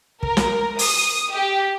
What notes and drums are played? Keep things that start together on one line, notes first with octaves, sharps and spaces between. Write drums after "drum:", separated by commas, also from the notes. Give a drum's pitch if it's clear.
A#4, drum: kick
drum: snare
D#6, drum: open hi-hat
G4